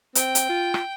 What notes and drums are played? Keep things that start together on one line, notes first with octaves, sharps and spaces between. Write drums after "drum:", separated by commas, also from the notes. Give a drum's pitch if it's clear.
C4 G5, drum: hi-hat
drum: hi-hat
F4
drum: rim click